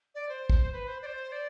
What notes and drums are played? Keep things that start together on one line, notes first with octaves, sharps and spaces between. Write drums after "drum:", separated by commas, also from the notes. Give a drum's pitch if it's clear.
D5
C5
drum: kick
B4
C5
D5
C5
D5